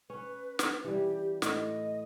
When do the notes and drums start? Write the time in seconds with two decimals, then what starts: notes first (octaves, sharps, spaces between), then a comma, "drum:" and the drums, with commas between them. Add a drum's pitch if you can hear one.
0.10 C#4 B4
0.59 drum: snare
0.84 E3 G3 G4
1.42 A2 D#5, drum: snare